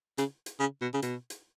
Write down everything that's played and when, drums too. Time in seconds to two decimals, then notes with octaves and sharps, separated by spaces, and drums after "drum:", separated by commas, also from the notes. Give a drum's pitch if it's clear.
0.18 C#3, drum: hi-hat
0.46 drum: hi-hat
0.59 C#3
0.81 B2
0.94 C#3
1.02 B2, drum: hi-hat
1.30 drum: hi-hat